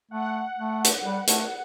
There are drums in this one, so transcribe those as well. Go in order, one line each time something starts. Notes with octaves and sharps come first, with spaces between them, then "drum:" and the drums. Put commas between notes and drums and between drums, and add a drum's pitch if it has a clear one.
A3 F#5
A3
drum: hi-hat
G3
A3, drum: hi-hat